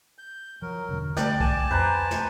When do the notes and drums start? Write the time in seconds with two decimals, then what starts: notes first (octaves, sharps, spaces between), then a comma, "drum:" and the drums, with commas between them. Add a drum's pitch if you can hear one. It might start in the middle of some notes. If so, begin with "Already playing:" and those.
0.18 G6
0.62 F3 F#3 A#4
0.89 E1 D3 G3
1.16 D2 G3 A3 D5 G5 F#6, drum: snare
1.40 G#5 A5, drum: kick B1
1.71 F2 B4 C5 A#5
2.11 drum: snare